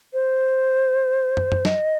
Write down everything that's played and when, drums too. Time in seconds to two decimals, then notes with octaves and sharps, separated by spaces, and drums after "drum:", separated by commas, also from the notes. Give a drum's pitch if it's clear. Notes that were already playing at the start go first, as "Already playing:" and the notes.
0.13 C5
1.37 drum: tom
1.52 drum: tom
1.65 D#5, drum: snare